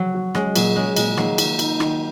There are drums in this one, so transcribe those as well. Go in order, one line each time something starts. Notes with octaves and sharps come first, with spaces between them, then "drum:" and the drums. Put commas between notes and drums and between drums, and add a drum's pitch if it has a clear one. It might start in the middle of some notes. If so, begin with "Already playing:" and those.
Already playing: F#3
F#4
G#3 C#4, drum: rim click
A#2 F#3, drum: cymbal
G#3 C#4
A#2 G#3, drum: cymbal
D#3 F#3 A#3, drum: rim click
D#3, drum: cymbal
D#4, drum: cymbal
D#3, drum: rim click